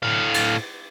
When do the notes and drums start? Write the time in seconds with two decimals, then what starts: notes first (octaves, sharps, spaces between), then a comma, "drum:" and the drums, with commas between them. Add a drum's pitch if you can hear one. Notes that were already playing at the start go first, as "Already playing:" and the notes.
0.03 A2 F5
0.34 drum: cymbal